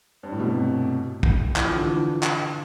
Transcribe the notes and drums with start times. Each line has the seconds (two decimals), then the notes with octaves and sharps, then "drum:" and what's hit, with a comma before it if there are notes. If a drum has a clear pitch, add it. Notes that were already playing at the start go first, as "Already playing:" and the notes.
0.23 G2
0.32 A2
0.40 B2
0.48 C3
1.23 drum: kick
1.56 E3, drum: clap
1.64 F3
1.73 D3
1.81 E3
2.23 drum: clap